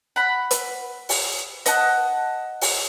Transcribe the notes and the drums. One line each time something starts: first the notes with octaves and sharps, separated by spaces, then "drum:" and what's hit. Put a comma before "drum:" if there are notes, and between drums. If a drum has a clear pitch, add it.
F#5 B5
drum: hi-hat
drum: open hi-hat
D#5 F#5 A5 F#6, drum: hi-hat
drum: open hi-hat